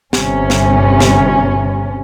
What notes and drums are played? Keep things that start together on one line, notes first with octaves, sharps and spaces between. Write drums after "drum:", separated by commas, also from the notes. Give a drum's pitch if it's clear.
G1 C3 C#4, drum: snare
drum: snare
drum: snare